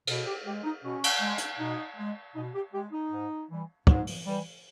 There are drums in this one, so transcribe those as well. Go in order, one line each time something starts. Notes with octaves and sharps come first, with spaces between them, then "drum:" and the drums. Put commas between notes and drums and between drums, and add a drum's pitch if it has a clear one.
B2, drum: cymbal
G4
G#3 G4
D#4
B2 C#4
drum: cymbal
G#3
drum: hi-hat
B2 D#4
G#3
B2 D#4
G4
G#3 G4
D#4
G#2
E3 G3
G#2, drum: kick
drum: open hi-hat
E3 G3